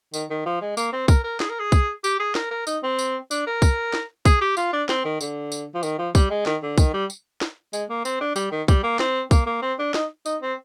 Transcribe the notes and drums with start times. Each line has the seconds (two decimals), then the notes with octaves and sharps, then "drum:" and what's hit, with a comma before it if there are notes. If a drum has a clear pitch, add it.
0.14 D#3, drum: tambourine
0.30 D#3
0.46 F3
0.61 G#3
0.77 A#3, drum: tambourine
0.93 C4
1.08 A#4, drum: kick, tambourine
1.24 A#4
1.40 G#4, drum: snare
1.50 A#4
1.59 G#4
1.72 drum: kick, tambourine
2.04 G4, drum: tambourine
2.20 G#4
2.35 A#4, drum: snare
2.51 A#4
2.67 D#4, drum: tambourine
2.83 C4
2.99 drum: tambourine
3.31 D4, drum: tambourine
3.47 A#4
3.62 drum: kick, tambourine
3.94 drum: snare
4.25 G#4, drum: kick, tambourine
4.41 G4
4.57 F4, drum: tambourine
4.73 D4
4.89 C4, drum: snare
5.05 D#3
5.21 D3, drum: tambourine
5.52 drum: tambourine
5.75 F3
5.83 D#3, drum: tambourine
5.99 F3
6.15 G3, drum: kick, tambourine
6.30 G#3
6.46 D#3, drum: snare
6.63 D3
6.78 D#3, drum: kick, tambourine
6.94 G3
7.10 drum: tambourine
7.41 drum: snare
7.73 G#3, drum: tambourine
7.89 A#3
8.05 C4, drum: tambourine
8.21 D4
8.36 G3, drum: tambourine
8.52 D#3
8.68 G3, drum: kick, tambourine
8.83 A#3
8.99 C4, drum: snare
9.31 A#3, drum: kick, tambourine
9.46 A#3
9.62 C4
9.79 D4
9.94 D#4, drum: snare
10.26 D#4, drum: tambourine
10.42 C4